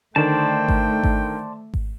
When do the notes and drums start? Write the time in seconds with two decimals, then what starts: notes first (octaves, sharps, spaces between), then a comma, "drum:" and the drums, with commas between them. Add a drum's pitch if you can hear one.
0.16 D3 D#3 A3 C5 D5 G5 A5
0.68 drum: kick G#1
1.04 drum: kick G#1
1.74 drum: kick G#1